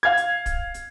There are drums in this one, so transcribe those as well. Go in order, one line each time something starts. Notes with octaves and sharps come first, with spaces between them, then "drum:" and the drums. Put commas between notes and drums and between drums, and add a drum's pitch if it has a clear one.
F5 G#6
drum: hi-hat
drum: kick, hi-hat
drum: hi-hat